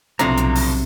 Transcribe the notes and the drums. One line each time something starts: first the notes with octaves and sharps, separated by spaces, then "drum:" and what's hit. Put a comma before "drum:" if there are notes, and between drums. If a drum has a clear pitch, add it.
B1 A2 C3 F3 D4 A#5, drum: hi-hat
drum: hi-hat
drum: open hi-hat